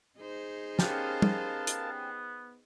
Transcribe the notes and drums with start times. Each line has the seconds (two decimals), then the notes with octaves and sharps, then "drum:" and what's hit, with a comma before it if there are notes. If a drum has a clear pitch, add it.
0.18 D#4 G#4 C5
0.79 B3 C#4 G4 A#4 F5 A5, drum: snare
1.22 drum: tom
1.67 drum: hi-hat